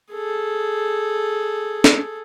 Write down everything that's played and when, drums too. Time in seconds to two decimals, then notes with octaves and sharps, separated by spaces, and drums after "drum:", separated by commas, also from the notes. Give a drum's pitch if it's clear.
0.12 G#4 A4
1.84 drum: snare